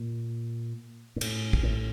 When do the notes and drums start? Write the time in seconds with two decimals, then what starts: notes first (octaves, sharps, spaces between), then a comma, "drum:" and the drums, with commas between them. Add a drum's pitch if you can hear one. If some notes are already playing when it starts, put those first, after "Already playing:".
Already playing: A#2
1.16 G#2
1.21 A2, drum: cymbal
1.53 drum: kick
1.63 A2